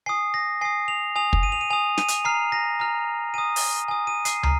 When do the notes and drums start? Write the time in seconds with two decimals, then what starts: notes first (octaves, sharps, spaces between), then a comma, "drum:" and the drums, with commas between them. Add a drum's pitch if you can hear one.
0.06 G#5 D#6 C7
0.34 A#6
0.61 G#5 D#6 C7
0.88 F7
1.16 G#5 D#6 F7
1.33 drum: kick
1.43 D#7
1.52 F7
1.61 D#7
1.70 G#5 D#6 F7
1.98 D#7, drum: snare
2.08 drum: hi-hat
2.25 A#5 F6 C7
2.52 A#6
2.80 A#5 F6
3.34 G#5 D#6 D#7
3.56 drum: open hi-hat
3.88 G#5 D#6
4.07 D#7
4.25 C7, drum: hi-hat
4.43 A#5 F6 C7, drum: tom